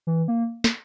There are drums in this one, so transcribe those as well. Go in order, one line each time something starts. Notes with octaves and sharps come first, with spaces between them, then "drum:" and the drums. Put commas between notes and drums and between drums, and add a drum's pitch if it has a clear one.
E3
A#3
drum: snare